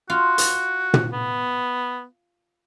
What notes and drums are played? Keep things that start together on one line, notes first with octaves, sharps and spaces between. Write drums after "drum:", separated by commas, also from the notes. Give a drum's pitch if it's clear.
F4 F#4
drum: hi-hat
drum: tom
B3